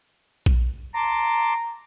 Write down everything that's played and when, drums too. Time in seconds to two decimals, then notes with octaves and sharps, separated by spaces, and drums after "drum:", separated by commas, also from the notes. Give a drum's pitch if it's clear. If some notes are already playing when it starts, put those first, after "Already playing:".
0.46 drum: kick A#1
0.95 A5 A#5 C6 D6